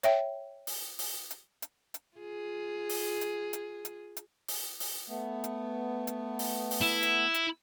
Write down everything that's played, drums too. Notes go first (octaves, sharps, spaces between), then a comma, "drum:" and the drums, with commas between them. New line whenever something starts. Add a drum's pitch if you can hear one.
C#5 E5 G5, drum: hi-hat
drum: open hi-hat
drum: open hi-hat
drum: hi-hat
drum: hi-hat
drum: hi-hat
F4 G#4
drum: open hi-hat
drum: hi-hat
drum: hi-hat
drum: hi-hat
drum: hi-hat
drum: open hi-hat
drum: open hi-hat
A3 B3
drum: hi-hat
drum: hi-hat
drum: open hi-hat
drum: open hi-hat
E4
drum: hi-hat
drum: hi-hat